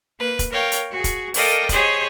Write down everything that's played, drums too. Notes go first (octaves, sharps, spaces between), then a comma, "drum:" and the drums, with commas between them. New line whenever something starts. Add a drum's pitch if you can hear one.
A#3 B4
drum: kick E1, hi-hat
A#4 C#5 F5 G5
drum: hi-hat
F#4 G#4
drum: kick E1, hi-hat
A4 A#4 D5 D#5 F5 G5, drum: open hi-hat
G4 G#4 C5 C#5 D#5, drum: kick E1, hi-hat